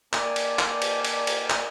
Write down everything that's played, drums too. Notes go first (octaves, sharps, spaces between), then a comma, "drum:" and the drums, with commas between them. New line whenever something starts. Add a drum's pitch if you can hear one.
A#3 D4 D5 G5 G#5, drum: clap
drum: cymbal
drum: clap
drum: cymbal
drum: cymbal
drum: cymbal
drum: clap